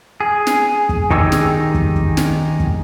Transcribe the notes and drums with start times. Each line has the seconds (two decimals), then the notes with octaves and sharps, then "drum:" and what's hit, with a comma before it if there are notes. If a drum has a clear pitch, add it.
0.21 G#4
0.47 drum: snare
0.89 drum: kick
1.11 D#3 D#4 G4 G#4 E6, drum: kick
1.32 drum: snare
1.74 drum: kick
1.96 drum: kick
2.17 drum: snare
2.60 drum: kick